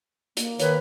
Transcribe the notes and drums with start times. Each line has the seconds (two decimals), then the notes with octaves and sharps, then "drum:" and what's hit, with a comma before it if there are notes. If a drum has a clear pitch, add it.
0.37 A#3, drum: hi-hat
0.59 D#3 B4 C#5, drum: hi-hat